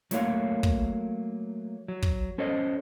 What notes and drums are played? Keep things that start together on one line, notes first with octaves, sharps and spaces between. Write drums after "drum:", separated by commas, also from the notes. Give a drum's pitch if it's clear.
F#3 A3 A#3 A4 C#5 F5, drum: snare
drum: kick
F#3
drum: kick
C#4 A4 C5 C#5 D#5